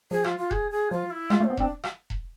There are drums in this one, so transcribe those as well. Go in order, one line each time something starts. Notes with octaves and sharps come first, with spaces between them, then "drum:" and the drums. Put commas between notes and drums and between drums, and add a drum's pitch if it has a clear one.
F3 G#4
F4, drum: rim click
F4
G#4, drum: kick E1
G#4
F3 F4
E4
G#3 F4, drum: rim click
A3
C4
B3
C4 D4, drum: kick E1
drum: rim click
drum: kick E1